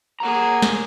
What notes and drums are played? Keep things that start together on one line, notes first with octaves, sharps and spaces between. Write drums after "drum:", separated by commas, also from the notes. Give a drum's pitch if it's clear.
A#3 G#4 F#5 A#5
drum: snare